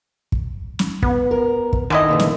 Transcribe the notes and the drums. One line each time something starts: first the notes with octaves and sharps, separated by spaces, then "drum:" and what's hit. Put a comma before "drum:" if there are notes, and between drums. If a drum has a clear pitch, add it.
drum: kick
drum: snare
B3, drum: kick
A#4
drum: kick
D3 D#3 E4 D#5 G#5
A#2 C#3 E3
drum: snare